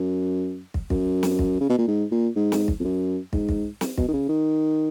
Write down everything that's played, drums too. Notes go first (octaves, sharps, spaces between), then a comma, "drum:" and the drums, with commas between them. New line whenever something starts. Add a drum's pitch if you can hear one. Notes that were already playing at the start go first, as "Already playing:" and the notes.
Already playing: F#2
drum: kick
F#2, drum: kick
drum: snare
drum: kick
C#3
B2
A#2
G#2
A#2
G#2
drum: snare
drum: kick
F2
F#2
G#2, drum: kick
drum: kick
drum: snare
B2, drum: kick
D#3
C#3
D#3